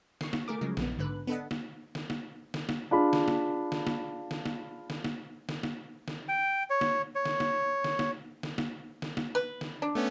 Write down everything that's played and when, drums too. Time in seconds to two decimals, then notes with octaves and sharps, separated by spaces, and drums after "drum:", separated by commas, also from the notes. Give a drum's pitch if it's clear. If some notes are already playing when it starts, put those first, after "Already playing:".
0.21 C#6 C7, drum: snare
0.33 drum: snare
0.48 A3 G#4 A#4 D6
0.61 C#3 F3 F#3 G#3
0.77 A#1 B3, drum: snare
0.99 G#2 D3 B4 F#6
1.27 B3 D4 A4 B4 D#5 F#5
1.51 drum: snare
1.95 drum: snare
2.10 drum: snare
2.54 drum: snare
2.69 drum: snare
2.91 D4 F4 G#4 B5
3.13 drum: snare
3.28 drum: snare
3.72 drum: snare
3.87 drum: snare
4.31 drum: snare
4.46 drum: snare
4.90 drum: snare
5.04 drum: snare
5.49 drum: snare
5.63 drum: snare
6.08 drum: snare
6.29 G5
6.70 C#5
6.81 drum: snare
7.15 C#5
7.25 drum: snare
7.40 drum: snare
7.84 drum: snare
7.99 drum: snare
8.43 drum: snare
8.58 drum: snare
9.02 drum: snare
9.17 drum: snare
9.35 B4
9.61 drum: snare
9.82 D4
9.95 A3 B3 C#4